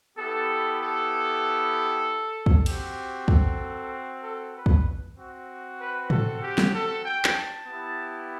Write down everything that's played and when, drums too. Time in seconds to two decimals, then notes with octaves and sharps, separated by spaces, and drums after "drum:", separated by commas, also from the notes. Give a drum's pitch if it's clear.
0.16 B3 E4 G4 A4
0.79 A4
2.46 drum: kick
2.66 C4 F#4 G4, drum: cymbal
3.28 A4, drum: kick
4.22 A4
4.54 B4
4.66 drum: kick
5.16 C4 F#4
5.78 B4
6.10 A4, drum: tom G#2
6.41 G4
6.58 drum: snare
6.73 A4
7.03 G5
7.24 drum: clap
7.34 A5
7.66 B3 E4 G4